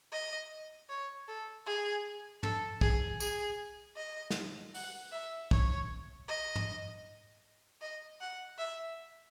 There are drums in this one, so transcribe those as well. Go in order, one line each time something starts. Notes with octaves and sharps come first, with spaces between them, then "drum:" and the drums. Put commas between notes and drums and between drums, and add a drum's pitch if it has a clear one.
D#5
C#5
A4
G#4
A4, drum: tom
G#4, drum: kick
G#4, drum: tambourine
D#5
drum: snare
F#5, drum: open hi-hat
E5
C#5, drum: kick
D#5
drum: tom
D#5
F#5
E5